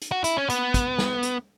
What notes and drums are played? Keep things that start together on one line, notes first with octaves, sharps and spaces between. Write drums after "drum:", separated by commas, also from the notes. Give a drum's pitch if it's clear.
drum: hi-hat
F#4
E4, drum: hi-hat
C#4
B3, drum: hi-hat
drum: kick, hi-hat
drum: snare
drum: hi-hat